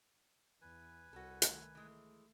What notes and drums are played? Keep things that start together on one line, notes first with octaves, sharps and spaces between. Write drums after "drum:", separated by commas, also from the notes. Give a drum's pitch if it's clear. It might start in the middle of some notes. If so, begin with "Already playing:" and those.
E2 B4 G#5
C2 F#4 A4
D#3 A3, drum: hi-hat
E3 G#3 A3